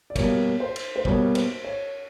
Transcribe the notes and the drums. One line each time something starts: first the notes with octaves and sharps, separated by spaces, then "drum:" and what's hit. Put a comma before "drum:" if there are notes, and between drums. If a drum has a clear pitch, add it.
D5
B2 G3 A#3 C#5, drum: kick, cymbal
C5
drum: cymbal
C5
B2 G3 A#3 C#5, drum: kick
C5, drum: cymbal
C#5